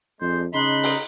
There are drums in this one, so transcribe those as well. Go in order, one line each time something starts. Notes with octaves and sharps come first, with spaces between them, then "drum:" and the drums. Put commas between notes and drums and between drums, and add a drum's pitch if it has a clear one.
F2 G#3 D4 C5
C#3 D#4 B5 C6 F#6
drum: open hi-hat